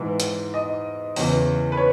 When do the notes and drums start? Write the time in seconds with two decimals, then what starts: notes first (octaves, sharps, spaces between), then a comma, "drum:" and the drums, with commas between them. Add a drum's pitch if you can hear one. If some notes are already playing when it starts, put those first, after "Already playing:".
Already playing: G#2 E3
0.20 drum: hi-hat
0.54 D#5
1.16 E2 C#3 E3, drum: open hi-hat
1.72 B4
1.77 C#5